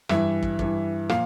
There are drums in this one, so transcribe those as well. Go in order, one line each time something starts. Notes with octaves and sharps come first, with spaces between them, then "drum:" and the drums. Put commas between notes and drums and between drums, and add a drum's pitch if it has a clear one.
G2 E3 E5, drum: rim click
drum: kick
G2 E3, drum: kick
A#2 F3 F5, drum: rim click